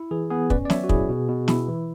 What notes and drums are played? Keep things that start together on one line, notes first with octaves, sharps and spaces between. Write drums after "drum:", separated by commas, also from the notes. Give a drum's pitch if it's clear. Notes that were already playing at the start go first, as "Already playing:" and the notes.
Already playing: E4
E3 G#4
B3 G#4
C#4 B4 D5, drum: kick
D5
F#3 C#5 E5, drum: snare
F#4
E4 G#4, drum: kick
B2
B2
E4, drum: snare
E3